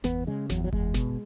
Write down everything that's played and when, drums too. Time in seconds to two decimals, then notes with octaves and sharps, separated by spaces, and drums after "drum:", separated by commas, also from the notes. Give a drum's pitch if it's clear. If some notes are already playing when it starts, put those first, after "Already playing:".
0.04 E2 B3, drum: snare G1
0.27 C#3 G#3
0.50 E2 F#3, drum: snare G1
0.64 F#3
0.73 E2 G#3, drum: kick F#1
0.94 B2, drum: snare G1